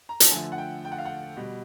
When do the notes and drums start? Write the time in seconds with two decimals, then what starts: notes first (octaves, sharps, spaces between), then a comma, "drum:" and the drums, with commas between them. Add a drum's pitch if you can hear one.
0.09 A#5
0.20 A5, drum: hi-hat
0.31 D3 F3 A3 G#5
0.52 F#5
0.58 G5
0.85 G5
0.92 F#5
0.98 F5
1.05 F#5
1.37 B2 G3